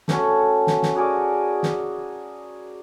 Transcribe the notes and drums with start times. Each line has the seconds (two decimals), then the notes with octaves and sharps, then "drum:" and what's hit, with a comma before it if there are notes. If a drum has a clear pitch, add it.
0.08 A3 C#4 F#4 C#5, drum: snare
0.67 drum: snare
0.83 drum: snare
0.95 F#4 G#4 A#4 D5
1.63 drum: snare